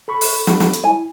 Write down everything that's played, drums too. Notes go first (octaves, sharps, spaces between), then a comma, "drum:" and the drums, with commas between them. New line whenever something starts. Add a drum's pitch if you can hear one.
A4 B5 C#6
drum: open hi-hat
drum: snare
drum: snare
drum: hi-hat
E4 G#5